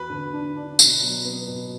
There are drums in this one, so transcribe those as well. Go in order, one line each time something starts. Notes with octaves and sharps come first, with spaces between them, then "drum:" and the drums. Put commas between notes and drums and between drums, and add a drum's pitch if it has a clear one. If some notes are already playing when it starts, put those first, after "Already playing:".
Already playing: E2 F#4 B4
D3
D4
D4
B2, drum: tambourine
F#3
B3
B2